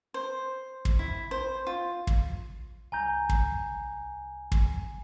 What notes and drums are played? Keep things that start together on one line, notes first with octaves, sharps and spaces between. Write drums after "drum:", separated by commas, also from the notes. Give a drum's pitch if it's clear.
C5
drum: kick
E4
C5
F4
drum: kick
C2 G#5 A#5 G6
drum: kick
drum: kick